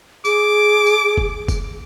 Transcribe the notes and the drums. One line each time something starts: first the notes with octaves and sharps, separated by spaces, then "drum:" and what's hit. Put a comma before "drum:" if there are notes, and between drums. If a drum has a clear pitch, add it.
G#4 D6, drum: tambourine
drum: tambourine
drum: kick
drum: kick, tambourine